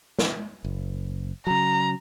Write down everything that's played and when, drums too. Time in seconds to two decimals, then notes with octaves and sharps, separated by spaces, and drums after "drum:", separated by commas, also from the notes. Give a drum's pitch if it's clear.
0.19 drum: snare
0.64 F#1
1.47 C#3 F#3 A#5